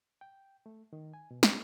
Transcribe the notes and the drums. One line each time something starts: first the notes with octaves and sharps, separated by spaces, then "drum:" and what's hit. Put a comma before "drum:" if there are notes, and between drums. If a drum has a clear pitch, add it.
G5
A3
D#3
G#5
B2
G3, drum: snare